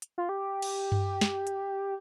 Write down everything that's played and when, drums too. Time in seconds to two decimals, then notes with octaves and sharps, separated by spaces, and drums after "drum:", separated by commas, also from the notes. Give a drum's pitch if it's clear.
0.02 drum: hi-hat
0.18 F4
0.29 G4
0.62 drum: cymbal
0.92 drum: tom G2
1.21 drum: snare
1.47 drum: hi-hat